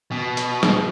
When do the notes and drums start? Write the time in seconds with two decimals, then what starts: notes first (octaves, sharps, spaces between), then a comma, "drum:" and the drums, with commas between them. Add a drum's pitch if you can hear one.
0.12 B2
0.37 drum: hi-hat
0.63 drum: snare